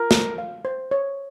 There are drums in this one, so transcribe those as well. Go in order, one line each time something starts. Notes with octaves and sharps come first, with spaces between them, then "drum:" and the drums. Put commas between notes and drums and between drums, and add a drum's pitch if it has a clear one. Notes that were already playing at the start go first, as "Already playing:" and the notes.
Already playing: F4 A#4
A4, drum: snare
F5
C5
C#5